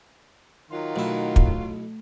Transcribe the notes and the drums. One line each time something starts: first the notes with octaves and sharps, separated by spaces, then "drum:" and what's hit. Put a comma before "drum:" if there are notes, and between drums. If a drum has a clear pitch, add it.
D#3 F#3 F4
B1 A3 E4
drum: kick